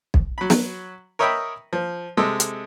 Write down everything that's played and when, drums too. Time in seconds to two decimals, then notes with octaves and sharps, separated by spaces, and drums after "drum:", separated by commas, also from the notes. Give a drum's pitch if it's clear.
0.14 drum: kick B1
0.38 F#3 B5
0.50 drum: snare
1.19 A#4 C#5 D#5 E5 G5 B5
1.73 F3
2.17 C3 G#3 A4 D#5 E6
2.40 drum: hi-hat